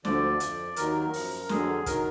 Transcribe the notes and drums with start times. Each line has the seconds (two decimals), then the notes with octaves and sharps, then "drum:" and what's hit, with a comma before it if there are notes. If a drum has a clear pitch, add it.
0.05 D2 D3 F3 D5, drum: snare
0.40 F2 F3, drum: hi-hat
0.76 D#2 D#3 F#3 A#4, drum: hi-hat
1.13 F#2 F3, drum: open hi-hat
1.49 F2 D3 F#3 G#4, drum: snare
1.86 D#3 F#3 A#4, drum: kick, hi-hat